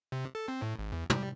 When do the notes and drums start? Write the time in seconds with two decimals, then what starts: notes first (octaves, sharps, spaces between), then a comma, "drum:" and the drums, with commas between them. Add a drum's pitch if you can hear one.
0.12 C3
0.35 A4
0.48 C4
0.62 A2
0.79 G#1
0.93 E2
1.10 G3, drum: tom